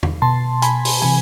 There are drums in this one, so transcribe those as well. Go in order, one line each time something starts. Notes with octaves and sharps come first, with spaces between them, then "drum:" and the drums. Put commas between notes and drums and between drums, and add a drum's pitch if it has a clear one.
drum: tom E2
B2 A5 C6
G#5 B5, drum: hi-hat
drum: open hi-hat
C3 E3 G#5 B5